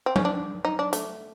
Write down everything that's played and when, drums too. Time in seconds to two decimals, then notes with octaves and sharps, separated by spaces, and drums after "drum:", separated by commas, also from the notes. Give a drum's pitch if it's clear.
0.06 C4
0.16 C#4, drum: tom F#3
0.25 D4
0.65 D#4
0.79 D4
0.93 A3, drum: hi-hat